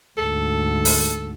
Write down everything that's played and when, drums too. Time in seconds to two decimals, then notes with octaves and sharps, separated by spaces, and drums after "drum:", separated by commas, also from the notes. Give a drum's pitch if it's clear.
0.18 D2 G#2 A4
0.85 drum: open hi-hat